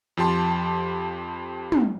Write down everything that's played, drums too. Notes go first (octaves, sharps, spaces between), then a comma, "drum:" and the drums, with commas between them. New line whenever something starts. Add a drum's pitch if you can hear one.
F2 F3 G4 A5 C6
drum: tom